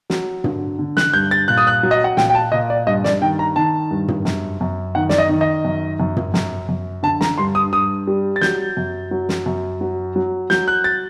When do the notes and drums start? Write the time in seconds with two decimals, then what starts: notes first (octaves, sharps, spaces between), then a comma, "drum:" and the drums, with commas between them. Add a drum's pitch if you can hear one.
0.10 F#3, drum: snare
0.44 D3, drum: tom
0.79 D3
0.97 F#6, drum: snare
1.14 G2 G6
1.31 A6
1.48 A#2 F#6
1.57 D#6
1.67 F#6
1.83 F#3
1.91 D#5
2.04 F#5
2.17 A#2 G5, drum: snare
2.30 G5
2.35 A5
2.52 A#2 D#5
2.70 D5
2.87 G2 D#5
3.04 D5, drum: snare
3.21 D#3 G5
3.39 A#5
3.56 D#3 A5
3.91 G2
4.08 drum: tom
4.25 F#2, drum: snare
4.61 F#2
4.95 D#3 F#5
5.09 D5, drum: snare
5.18 D#5
5.29 D#3
5.41 D#5
5.65 F#2
6.00 F#2
6.17 drum: tom
6.34 F#2, drum: snare
6.69 F#2
7.03 D3 A5
7.21 A#5, drum: snare
7.38 G2 C6
7.55 D#6
7.73 G2 D#6
8.07 G3
8.36 A6
8.42 F#3 G6, drum: snare
8.77 F#2
9.11 F#3
9.29 drum: snare
9.46 F#2
9.81 F#3
10.16 F#3
10.50 F#3 G6, drum: snare
10.68 F#6
10.84 A6